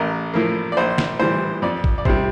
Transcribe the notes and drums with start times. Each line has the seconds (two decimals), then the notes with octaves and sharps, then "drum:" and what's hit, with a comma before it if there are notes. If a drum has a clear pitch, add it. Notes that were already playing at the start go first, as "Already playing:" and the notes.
Already playing: A1 A#4
0.34 A2 F3 A#3
0.72 D5
0.77 A#1 C5
0.98 drum: snare
1.19 A2 E3 G3 C5
1.62 F2 D5
1.84 drum: kick
1.98 D5
2.05 C3 G3 C5, drum: kick